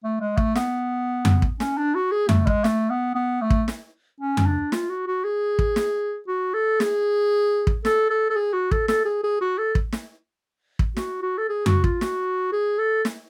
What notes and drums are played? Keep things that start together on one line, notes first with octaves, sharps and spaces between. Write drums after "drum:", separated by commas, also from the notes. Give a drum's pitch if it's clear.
A3
G#3
A3, drum: kick
B3, drum: snare
drum: tom F2
drum: kick
C#4, drum: snare
D4
F#4
G#4
A3, drum: tom F2
G#3, drum: kick
A3, drum: snare
B3
B3
A3
drum: kick
drum: snare
C#4
drum: tom F2
D4
F4, drum: snare
F#4
F#4
G#4
drum: kick
drum: snare
F#4
A4
G#4, drum: snare
drum: kick
A4, drum: snare
A4
A4
G#4
F#4
A4, drum: kick
A4, drum: snare
G#4
G#4
F#4
A4
drum: kick
drum: snare
drum: kick
F#4, drum: snare
F#4
A4
G#4
F#4, drum: tom F2
F4, drum: kick
F#4, drum: snare
G#4
A4
drum: snare